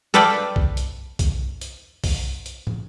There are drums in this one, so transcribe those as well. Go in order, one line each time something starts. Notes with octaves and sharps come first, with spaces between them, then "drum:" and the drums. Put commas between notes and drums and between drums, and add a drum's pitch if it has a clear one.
A4 B4 D5 F5 G5
drum: kick
drum: hi-hat
drum: kick, hi-hat
drum: hi-hat
drum: kick, open hi-hat
drum: hi-hat
drum: tom